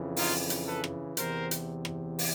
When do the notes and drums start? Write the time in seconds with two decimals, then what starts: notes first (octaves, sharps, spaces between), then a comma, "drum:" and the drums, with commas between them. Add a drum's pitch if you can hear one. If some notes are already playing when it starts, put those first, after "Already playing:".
Already playing: F2 C#3 E3
0.16 D#4 F4, drum: open hi-hat
0.50 drum: hi-hat
0.66 A4 B4
0.84 drum: rim click
1.17 E2 C3 E3 A#4 C5, drum: hi-hat
1.51 drum: hi-hat
1.85 drum: rim click
2.19 drum: open hi-hat